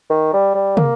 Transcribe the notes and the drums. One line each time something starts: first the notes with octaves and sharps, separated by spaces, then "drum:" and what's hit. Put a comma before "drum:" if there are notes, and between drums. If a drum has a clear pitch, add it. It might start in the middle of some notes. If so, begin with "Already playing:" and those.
D#3
G3
G3
A#3, drum: tom